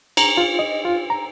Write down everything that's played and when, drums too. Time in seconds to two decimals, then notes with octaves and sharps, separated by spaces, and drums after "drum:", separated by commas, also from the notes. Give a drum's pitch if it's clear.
0.17 A#5, drum: cymbal
0.37 F4
0.59 D#5
0.85 F4
1.10 A#5